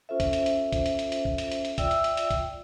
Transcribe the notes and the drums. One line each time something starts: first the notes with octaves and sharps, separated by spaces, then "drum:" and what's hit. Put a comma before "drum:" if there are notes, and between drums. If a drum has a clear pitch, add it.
C#4 F4 A4 C5 E5
drum: kick, hi-hat
drum: hi-hat
drum: hi-hat
drum: kick, hi-hat
drum: hi-hat
drum: hi-hat
drum: hi-hat
drum: kick
drum: hi-hat
drum: hi-hat
drum: hi-hat
F4 D5 E5 G5 E6, drum: kick, hi-hat
drum: hi-hat
drum: hi-hat
drum: hi-hat
drum: kick, hi-hat